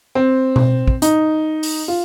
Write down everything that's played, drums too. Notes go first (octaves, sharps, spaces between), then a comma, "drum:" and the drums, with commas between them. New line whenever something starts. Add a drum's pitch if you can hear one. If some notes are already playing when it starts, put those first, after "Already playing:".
C4
drum: tom B2
drum: kick
D#4, drum: hi-hat
drum: open hi-hat
F4